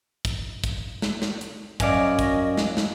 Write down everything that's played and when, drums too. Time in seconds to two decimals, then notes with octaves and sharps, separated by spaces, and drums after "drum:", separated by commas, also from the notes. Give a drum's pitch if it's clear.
0.25 drum: kick, hi-hat
0.64 drum: kick, hi-hat
1.02 drum: snare
1.22 drum: snare
1.41 drum: hi-hat
1.80 F#2 C#4 D5 D#5 F5 G#5, drum: kick, hi-hat
2.19 drum: kick, hi-hat
2.57 drum: snare
2.77 drum: snare